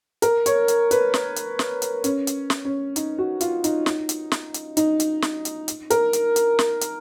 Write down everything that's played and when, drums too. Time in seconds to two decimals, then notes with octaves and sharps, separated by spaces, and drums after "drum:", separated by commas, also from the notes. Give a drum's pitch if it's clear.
0.22 A#4, drum: hi-hat
0.46 C#5, drum: hi-hat
0.68 drum: hi-hat
0.91 B4, drum: hi-hat
1.14 drum: snare
1.36 drum: hi-hat
1.59 drum: snare
1.82 drum: hi-hat
2.04 C#4, drum: hi-hat
2.27 drum: hi-hat
2.50 drum: snare
2.65 C#4
2.96 D#4, drum: hi-hat
3.18 F#4
3.41 F4, drum: hi-hat
3.64 D#4, drum: hi-hat
3.86 drum: snare
4.09 drum: hi-hat
4.32 drum: snare
4.54 drum: hi-hat
4.77 D#4, drum: hi-hat
5.00 drum: hi-hat
5.22 drum: snare
5.45 drum: hi-hat
5.68 drum: hi-hat
5.90 A#4, drum: hi-hat
6.13 drum: hi-hat
6.36 drum: hi-hat
6.59 drum: snare
6.81 drum: hi-hat